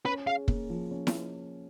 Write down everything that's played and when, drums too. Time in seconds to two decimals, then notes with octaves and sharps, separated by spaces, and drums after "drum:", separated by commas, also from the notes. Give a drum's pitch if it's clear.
0.05 C#4 B4
0.26 G#4 F5
0.48 A#3, drum: kick
0.70 F3
0.91 C#4
1.07 drum: snare E4